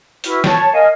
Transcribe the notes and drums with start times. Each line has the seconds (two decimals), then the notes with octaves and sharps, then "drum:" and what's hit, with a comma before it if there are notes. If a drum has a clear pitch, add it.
0.24 E4 F#4 B4 F6, drum: hi-hat
0.44 C#5 A5 C#6, drum: snare
0.72 A#4 D#5 F5 G#5